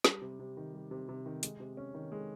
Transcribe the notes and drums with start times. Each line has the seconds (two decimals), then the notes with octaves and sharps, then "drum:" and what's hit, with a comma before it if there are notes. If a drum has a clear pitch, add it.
0.04 G3, drum: snare
0.22 C3
0.39 C3
0.57 D#3
0.74 G3
0.91 C3
1.09 C3
1.26 D#3
1.43 G#3, drum: hi-hat
1.60 C3
1.77 C#4
1.94 D#3
2.12 G#3